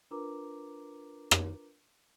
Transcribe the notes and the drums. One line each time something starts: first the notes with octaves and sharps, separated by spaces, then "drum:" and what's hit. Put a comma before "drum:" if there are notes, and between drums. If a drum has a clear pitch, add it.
D4 F4 A#4 B4 A#5 D6
drum: rim click